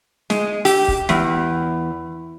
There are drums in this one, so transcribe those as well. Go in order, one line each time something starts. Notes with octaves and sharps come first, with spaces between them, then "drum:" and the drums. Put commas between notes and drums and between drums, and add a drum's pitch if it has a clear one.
G#3, drum: snare
G4, drum: open hi-hat
drum: kick
E2, drum: snare